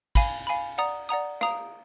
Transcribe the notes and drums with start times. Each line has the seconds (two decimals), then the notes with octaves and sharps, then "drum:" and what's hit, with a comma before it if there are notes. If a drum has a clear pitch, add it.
0.15 F5 G#5 B5, drum: kick, cymbal
0.47 F5 G#5 B5
0.78 D5 F#5 A#5 D#6
1.09 D5 F#5 A#5 D#6
1.41 F5 A#5 D#6, drum: rim click